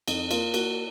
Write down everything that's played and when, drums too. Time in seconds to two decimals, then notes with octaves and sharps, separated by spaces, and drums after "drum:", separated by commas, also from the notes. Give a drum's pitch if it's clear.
0.08 F2 D#4, drum: cymbal
0.31 A#3 F4, drum: cymbal
0.54 A#3 F#4, drum: cymbal